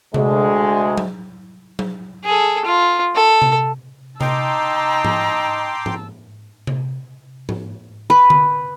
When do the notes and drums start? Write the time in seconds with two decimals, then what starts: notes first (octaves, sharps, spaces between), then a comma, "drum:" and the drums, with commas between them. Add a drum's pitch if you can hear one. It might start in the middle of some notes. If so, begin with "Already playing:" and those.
0.14 D2 G#3, drum: tom C3
0.98 drum: tom F#3
1.79 drum: tom F#3
2.24 G#4 A4
2.65 F4
3.16 A4
3.42 drum: tom C3
4.21 D#4 G5 A5 A#5 C6 D6 E6, drum: tom C3
5.05 drum: tom
5.86 drum: tom
6.67 drum: tom C3
7.49 drum: tom
8.10 B4
8.30 drum: tom D3